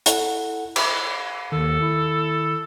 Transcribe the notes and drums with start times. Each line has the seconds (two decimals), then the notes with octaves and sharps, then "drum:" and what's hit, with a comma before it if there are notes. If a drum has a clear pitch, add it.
0.06 E4 A4 F#5, drum: hi-hat
0.76 B5, drum: cymbal
1.52 D#2 D#3 A4
1.81 E4